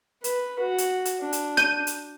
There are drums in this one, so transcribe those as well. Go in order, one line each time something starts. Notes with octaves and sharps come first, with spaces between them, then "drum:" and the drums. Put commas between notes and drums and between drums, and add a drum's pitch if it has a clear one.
B4, drum: hi-hat
F#4
drum: hi-hat
drum: hi-hat
D4
drum: hi-hat
G6 D#7, drum: rim click
drum: hi-hat